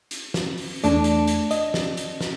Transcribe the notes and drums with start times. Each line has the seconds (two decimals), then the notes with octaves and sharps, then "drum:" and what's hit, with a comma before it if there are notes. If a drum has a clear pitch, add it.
0.11 drum: hi-hat
0.34 drum: snare
0.58 drum: open hi-hat
0.84 E2 A3 D4, drum: hi-hat
1.04 drum: hi-hat
1.27 drum: hi-hat
1.51 D#5, drum: hi-hat
1.74 drum: snare
1.97 drum: hi-hat
2.21 drum: snare